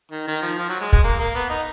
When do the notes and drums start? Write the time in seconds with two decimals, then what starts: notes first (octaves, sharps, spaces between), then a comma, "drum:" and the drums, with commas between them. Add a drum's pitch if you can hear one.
0.11 D#3
0.28 D#3
0.42 F3
0.58 F3
0.69 F#3
0.80 G#3
0.93 G#3, drum: kick
1.04 A#3
1.19 A#3
1.35 B3
1.50 D#4